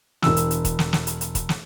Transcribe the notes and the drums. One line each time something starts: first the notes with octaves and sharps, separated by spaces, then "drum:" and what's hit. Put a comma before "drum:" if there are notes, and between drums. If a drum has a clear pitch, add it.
E1 E6, drum: snare
drum: hi-hat
drum: hi-hat
drum: kick E1, hi-hat
drum: snare
drum: snare
drum: hi-hat
drum: hi-hat
drum: kick E1, hi-hat
drum: snare